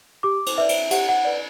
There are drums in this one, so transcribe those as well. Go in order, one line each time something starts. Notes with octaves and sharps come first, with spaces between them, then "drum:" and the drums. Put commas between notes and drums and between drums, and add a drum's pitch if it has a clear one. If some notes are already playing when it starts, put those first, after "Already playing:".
G4 D6
drum: cymbal
B4 D5 E5
drum: cymbal
G4 F#5, drum: cymbal
F#5
B4 D5